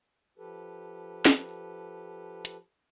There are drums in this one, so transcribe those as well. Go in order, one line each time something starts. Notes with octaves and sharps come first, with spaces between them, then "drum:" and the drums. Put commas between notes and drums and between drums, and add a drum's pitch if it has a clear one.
F3 G4 A4 B4
drum: snare
drum: hi-hat